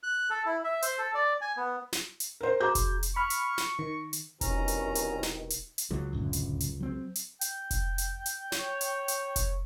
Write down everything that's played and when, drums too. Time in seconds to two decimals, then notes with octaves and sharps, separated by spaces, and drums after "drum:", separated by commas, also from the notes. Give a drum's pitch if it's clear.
0.03 F#6
0.30 A4
0.46 E4
0.64 E5
0.82 C5, drum: hi-hat
0.98 A4
1.15 D5
1.41 G#5
1.57 B3
1.93 drum: snare
2.20 drum: hi-hat
2.41 A#4 C5
2.60 F#4 G#4 A#5 G6
2.75 drum: kick F1, hi-hat
3.03 drum: hi-hat
3.16 B5 C#6 F6
3.30 drum: hi-hat
3.58 drum: snare
3.79 D#3
4.13 drum: hi-hat
4.41 E1 C2 B2 D#3 C#4 A#5, drum: kick F1, hi-hat
4.68 drum: hi-hat
4.95 drum: hi-hat
5.23 drum: snare
5.50 drum: hi-hat
5.78 drum: hi-hat
5.91 C#2 F#3
6.13 D1 F#2 D3
6.33 drum: hi-hat
6.60 drum: hi-hat
6.80 F#3 C4
7.16 drum: hi-hat
7.41 G5, drum: hi-hat
7.71 drum: kick F1, hi-hat
7.98 drum: hi-hat
8.26 drum: hi-hat
8.52 C#5, drum: snare
8.81 drum: hi-hat
9.08 drum: hi-hat
9.36 drum: kick F1, hi-hat